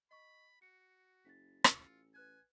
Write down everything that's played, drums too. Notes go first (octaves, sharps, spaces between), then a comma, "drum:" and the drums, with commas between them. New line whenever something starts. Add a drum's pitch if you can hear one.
D#5 B5 C#6
F#4 C#7
F#1 A6 B6
A1 F4 E6 C#7, drum: rim click
B4 G#5 F#6 G#6